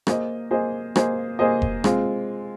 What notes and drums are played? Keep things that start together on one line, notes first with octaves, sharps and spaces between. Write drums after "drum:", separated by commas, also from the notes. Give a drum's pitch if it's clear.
A#3 G#4 C5 D#5, drum: rim click
A#3 G#4 C5 D#5
A#3 G#4 C5 D#5, drum: rim click
A#3 G#4 C5 D#5
drum: kick F1
G#3 C4 F4, drum: rim click